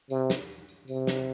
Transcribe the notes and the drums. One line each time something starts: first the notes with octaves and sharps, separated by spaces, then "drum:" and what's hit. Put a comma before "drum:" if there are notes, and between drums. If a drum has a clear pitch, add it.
C3, drum: tambourine
drum: snare
drum: tambourine
drum: tambourine
C3, drum: tambourine
drum: snare